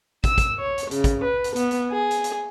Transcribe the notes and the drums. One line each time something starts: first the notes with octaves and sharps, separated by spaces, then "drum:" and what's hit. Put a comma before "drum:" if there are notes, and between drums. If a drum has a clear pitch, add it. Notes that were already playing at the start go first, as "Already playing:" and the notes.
E6, drum: kick, hi-hat
drum: kick, hi-hat
C#5
drum: hi-hat
C#3, drum: hi-hat
drum: kick, hi-hat
B4
drum: hi-hat
B3, drum: hi-hat
drum: hi-hat
G#4
drum: hi-hat
drum: hi-hat